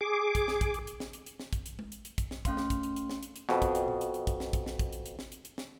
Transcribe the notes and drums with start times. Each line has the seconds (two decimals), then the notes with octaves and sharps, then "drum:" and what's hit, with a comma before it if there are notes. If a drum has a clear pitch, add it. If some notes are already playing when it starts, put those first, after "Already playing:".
0.01 G#4 D6
0.35 drum: kick, hi-hat
0.48 drum: snare
0.61 drum: kick, hi-hat
0.74 drum: hi-hat
0.87 drum: hi-hat
1.00 drum: snare
1.13 drum: hi-hat
1.26 drum: hi-hat
1.40 drum: snare
1.53 drum: kick, hi-hat
1.66 drum: hi-hat
1.79 drum: tom G#3
1.92 drum: hi-hat
2.05 drum: hi-hat
2.18 drum: kick, hi-hat
2.31 drum: snare
2.45 A3 C#4 F5 C6, drum: kick, hi-hat
2.57 drum: snare
2.70 drum: kick, hi-hat
2.83 drum: hi-hat
2.96 drum: hi-hat
3.09 drum: snare
3.23 drum: hi-hat
3.36 drum: hi-hat
3.49 F2 B2, drum: snare
3.62 drum: kick, hi-hat
3.75 drum: hi-hat
3.88 drum: tom A#2
4.01 drum: hi-hat
4.14 drum: hi-hat
4.27 drum: kick, hi-hat
4.40 drum: snare
4.53 drum: kick, hi-hat
4.66 drum: snare
4.79 drum: kick, hi-hat
4.93 drum: hi-hat
5.06 drum: hi-hat
5.19 drum: snare
5.32 drum: hi-hat
5.45 drum: hi-hat
5.58 drum: snare